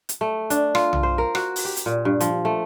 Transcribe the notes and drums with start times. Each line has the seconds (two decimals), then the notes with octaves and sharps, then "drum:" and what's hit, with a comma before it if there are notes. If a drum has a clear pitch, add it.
0.09 drum: hi-hat
0.21 A3
0.50 D4, drum: hi-hat
0.75 F4, drum: rim click
0.93 drum: tom B1
1.03 C5
1.18 A#4
1.35 F#4, drum: rim click
1.56 drum: open hi-hat
1.65 G4
1.77 drum: hi-hat
1.86 A#2
2.05 G2
2.20 F3, drum: hi-hat
2.45 A3